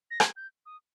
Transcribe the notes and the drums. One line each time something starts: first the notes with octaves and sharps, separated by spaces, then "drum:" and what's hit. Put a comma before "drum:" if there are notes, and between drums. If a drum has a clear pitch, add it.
A#6
G#6, drum: rim click
G6
D#6